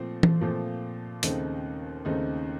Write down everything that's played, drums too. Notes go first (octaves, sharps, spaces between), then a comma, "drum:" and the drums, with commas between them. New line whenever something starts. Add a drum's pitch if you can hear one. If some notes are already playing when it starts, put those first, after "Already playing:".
Already playing: A#2 F3 A3 C4
drum: tom E3
A#2 F3 A3 C4
D#2 C#3 A3 C4 D#4, drum: hi-hat
D#2 C#3 A3 C4 D#4